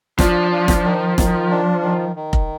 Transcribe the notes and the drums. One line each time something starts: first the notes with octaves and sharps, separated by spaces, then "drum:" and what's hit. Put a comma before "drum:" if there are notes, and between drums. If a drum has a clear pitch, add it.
F3 D4, drum: snare
D4
drum: snare
D#3
D#3, drum: snare
D4
D#3
D#3
drum: kick F1